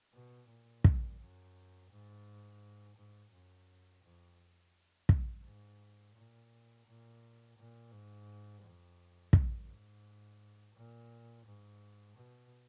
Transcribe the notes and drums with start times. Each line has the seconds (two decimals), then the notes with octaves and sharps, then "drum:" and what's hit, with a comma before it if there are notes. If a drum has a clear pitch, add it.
0.13 B2
0.49 A#2
0.84 drum: kick
1.20 F#2
1.90 G#2
2.96 G#2
3.32 F#2
4.03 F2
5.09 drum: kick
5.44 G#2
6.16 A#2
6.86 A#2
7.57 A#2
7.92 G#2
8.63 F2
9.33 F#2, drum: kick
9.68 G#2
10.74 A#2
11.45 G#2
12.17 B2